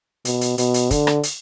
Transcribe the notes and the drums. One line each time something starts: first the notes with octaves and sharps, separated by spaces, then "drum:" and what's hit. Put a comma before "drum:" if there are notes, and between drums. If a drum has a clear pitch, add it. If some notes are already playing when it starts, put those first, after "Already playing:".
B2, drum: hi-hat
drum: hi-hat
B2, drum: hi-hat
drum: hi-hat
D3, drum: kick, hi-hat
drum: rim click
drum: hi-hat